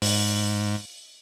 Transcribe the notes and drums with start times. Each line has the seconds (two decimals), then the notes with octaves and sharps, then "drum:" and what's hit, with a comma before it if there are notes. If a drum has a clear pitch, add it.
0.02 G#2, drum: open hi-hat